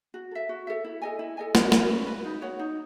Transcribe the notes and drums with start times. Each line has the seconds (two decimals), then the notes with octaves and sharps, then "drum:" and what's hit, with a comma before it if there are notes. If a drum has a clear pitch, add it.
0.14 F#4
0.31 A4 E5
0.49 F#4
0.67 A4 E5
0.85 E4
1.02 A4 D#5 G#5
1.19 E4
1.37 A4 D#5 G#5
1.55 C#4, drum: snare
1.72 F#4 B4, drum: snare
1.90 C#4
2.07 F#4 B4
2.25 D#4
2.42 F#4 C#5 F#5
2.59 D#4